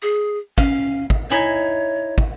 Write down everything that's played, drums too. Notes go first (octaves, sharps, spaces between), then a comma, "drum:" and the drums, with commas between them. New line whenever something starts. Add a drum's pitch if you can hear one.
G#4
C#4 F5, drum: kick
drum: kick
D#4 E4 C#5 G#5
drum: kick